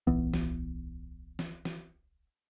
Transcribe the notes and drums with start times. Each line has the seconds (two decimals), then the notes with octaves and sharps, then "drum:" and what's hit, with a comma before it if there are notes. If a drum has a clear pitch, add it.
0.07 D1 B1 E3 B3
0.34 drum: snare
1.39 drum: snare
1.65 drum: snare